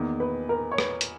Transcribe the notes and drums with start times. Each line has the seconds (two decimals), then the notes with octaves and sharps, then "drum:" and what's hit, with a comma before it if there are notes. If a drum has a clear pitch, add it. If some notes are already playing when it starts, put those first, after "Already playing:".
Already playing: E2 D#3 A#3
0.20 B4
0.49 A#4
0.71 C#5
0.78 B4, drum: rim click
1.01 drum: hi-hat